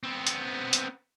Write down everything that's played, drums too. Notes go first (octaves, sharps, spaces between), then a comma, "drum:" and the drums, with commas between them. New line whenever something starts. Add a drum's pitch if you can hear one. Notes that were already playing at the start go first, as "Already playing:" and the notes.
B3 C4
drum: hi-hat
drum: hi-hat